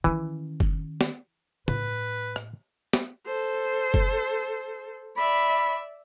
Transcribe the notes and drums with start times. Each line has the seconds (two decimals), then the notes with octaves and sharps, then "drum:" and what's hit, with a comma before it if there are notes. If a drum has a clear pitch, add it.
0.04 D#3 E3 C#4
0.60 drum: kick F#1
1.01 drum: snare
1.68 A2 B4, drum: tom
2.36 drum: rim click
2.93 drum: snare
3.26 A4 C5
3.94 drum: kick F#1
5.17 D5 E5 B5